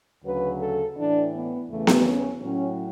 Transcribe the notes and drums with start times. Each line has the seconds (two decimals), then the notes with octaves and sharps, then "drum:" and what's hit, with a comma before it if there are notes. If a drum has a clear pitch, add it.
0.24 D2 C#3 F#3 B4
0.60 A4
0.97 A2 E3 D4
1.33 B3
1.69 E2 C#3 E3 A3
1.87 drum: snare B3
2.05 C#4
2.41 A2 F#3 C#4